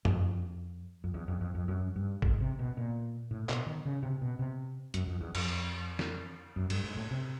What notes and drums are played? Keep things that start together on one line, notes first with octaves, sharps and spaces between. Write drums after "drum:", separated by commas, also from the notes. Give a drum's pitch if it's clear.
F2, drum: tom F#2
F2
E2
F2
F2
F2
F#2
G2
G#2, drum: kick
C3
B2
A#2
A2
B2, drum: clap
D#3
C#3
C3
B2
C3
F#2, drum: hi-hat
F2
E2
F2, drum: cymbal
drum: snare
F#2
G2, drum: cymbal
G#2
A2
C3